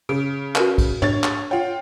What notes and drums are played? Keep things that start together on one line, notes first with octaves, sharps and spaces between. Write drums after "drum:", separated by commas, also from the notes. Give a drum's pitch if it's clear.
C#3 D7
F#4 A#4 B4, drum: clap
drum: kick B1, cymbal
D4 C#5 A6, drum: tom
drum: clap
F4 C#5 F#5 G5